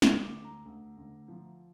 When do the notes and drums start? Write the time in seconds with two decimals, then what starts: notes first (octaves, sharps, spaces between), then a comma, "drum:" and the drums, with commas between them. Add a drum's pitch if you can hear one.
0.02 D2 E6, drum: snare
0.24 D6
0.34 D2
0.45 A#5
0.65 D2
0.97 D2
1.28 F3